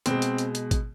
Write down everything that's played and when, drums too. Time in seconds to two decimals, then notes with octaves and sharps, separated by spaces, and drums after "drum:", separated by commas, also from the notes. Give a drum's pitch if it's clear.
0.06 B2 G#3 C4, drum: hi-hat
0.22 drum: hi-hat
0.38 drum: hi-hat
0.55 drum: hi-hat
0.71 drum: kick G#1, hi-hat